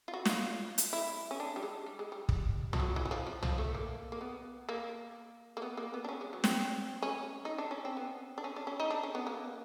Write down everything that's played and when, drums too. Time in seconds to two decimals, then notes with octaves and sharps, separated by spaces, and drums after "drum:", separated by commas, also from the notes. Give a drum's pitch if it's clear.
0.08 F4
0.14 F#4
0.26 F#4, drum: snare
0.29 F4
0.78 drum: hi-hat
0.93 E4
1.31 C#4
1.40 D4
1.56 G3
1.63 G#3
1.86 G3
1.99 G#3
2.12 G3
2.29 drum: kick
2.73 F3, drum: tom
2.80 F#3
2.96 E3
3.05 F#3
3.11 F3
3.27 F3
3.43 F3, drum: tom
3.58 A3
3.75 A#3
4.12 A#3
4.21 B3
4.69 A#3
5.57 A#3
5.62 B3
5.77 A#3
5.94 B3
6.04 D4
6.09 C#4
6.21 G#3
6.33 F#3
6.44 C4, drum: snare
7.02 C#4
7.45 D#4
7.58 D4
7.71 C#4
7.85 C4
7.97 B3
8.38 D4
8.44 C#4
8.56 D4
8.67 C#4
8.80 D#4
8.90 D4
9.03 C#4
9.15 B3
9.27 A#3